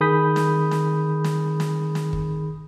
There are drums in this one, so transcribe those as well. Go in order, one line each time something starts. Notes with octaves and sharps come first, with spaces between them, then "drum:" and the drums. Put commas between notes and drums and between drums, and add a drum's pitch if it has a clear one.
D#3 G#4 B5 D#6 G6 B6
drum: snare
drum: snare
drum: snare
drum: snare
drum: snare
drum: kick